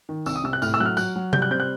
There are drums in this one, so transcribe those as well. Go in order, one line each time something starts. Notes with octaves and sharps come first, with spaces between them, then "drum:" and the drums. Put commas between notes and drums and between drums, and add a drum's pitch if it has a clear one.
D#3
C2 E6, drum: tambourine
D#6
C3 E6
F#6
A2 F6, drum: tambourine
E6
F#3 F#6
F6
F#3 F#6, drum: tambourine
F#3
G3 G6, drum: tom C3
F#6
C4 G6
F#6